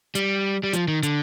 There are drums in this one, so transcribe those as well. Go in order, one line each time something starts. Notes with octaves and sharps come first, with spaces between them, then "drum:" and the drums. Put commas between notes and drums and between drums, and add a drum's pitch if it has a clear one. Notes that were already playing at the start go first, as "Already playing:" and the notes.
G3, drum: hi-hat
G3
F3, drum: hi-hat
D#3
D3, drum: hi-hat